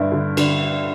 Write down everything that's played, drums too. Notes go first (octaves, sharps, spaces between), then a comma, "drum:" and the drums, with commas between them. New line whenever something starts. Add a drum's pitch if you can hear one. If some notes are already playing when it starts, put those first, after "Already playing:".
Already playing: G2 D3 E4
D3
D3, drum: cymbal